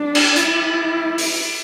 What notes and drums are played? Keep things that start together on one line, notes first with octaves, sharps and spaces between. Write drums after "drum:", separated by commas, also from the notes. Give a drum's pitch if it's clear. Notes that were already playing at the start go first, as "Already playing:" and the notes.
Already playing: D4
drum: cymbal
E4, drum: hi-hat
drum: open hi-hat